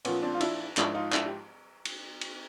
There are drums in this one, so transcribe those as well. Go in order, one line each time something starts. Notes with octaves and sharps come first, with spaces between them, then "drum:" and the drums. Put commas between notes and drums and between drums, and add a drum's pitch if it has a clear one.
A#2 F3 B3 C#4, drum: cymbal
C4 D4
F4
D4 E4, drum: cymbal
G#2 F3 D4 E4, drum: clap
D#4 F4
D4 E4, drum: clap
G4
drum: cymbal
drum: cymbal